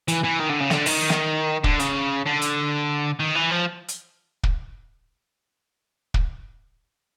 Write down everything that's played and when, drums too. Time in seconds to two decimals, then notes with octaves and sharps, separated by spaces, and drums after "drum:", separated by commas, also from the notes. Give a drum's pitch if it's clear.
0.08 E3, drum: hi-hat
0.24 E3
0.39 D#3
0.49 D3
0.60 C#3
0.70 D3, drum: snare
0.86 D#3, drum: open hi-hat
1.10 drum: snare
1.64 D3, drum: kick
1.80 C#3, drum: hi-hat
2.26 D3
2.42 drum: hi-hat
3.20 D#3
3.35 E3
3.51 F3
3.89 drum: hi-hat
4.43 drum: kick
6.14 drum: kick